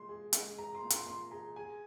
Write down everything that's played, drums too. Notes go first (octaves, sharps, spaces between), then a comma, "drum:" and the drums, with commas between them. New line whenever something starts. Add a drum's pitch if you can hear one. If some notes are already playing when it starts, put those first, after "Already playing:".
Already playing: A#2 G#3 C6
G#4
G#3, drum: hi-hat
G#4 A#5
C6
A#2
C6, drum: hi-hat
A#2 C6
G#4 A#5
G#4 G#5